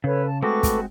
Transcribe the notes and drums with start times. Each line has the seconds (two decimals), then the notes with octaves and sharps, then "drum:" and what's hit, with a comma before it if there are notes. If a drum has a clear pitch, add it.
0.04 C#3 A4 B4 C#5
0.26 A5
0.43 G#3 A3 C4 F#4 A4 B4 C#6 D6
0.63 drum: kick, hi-hat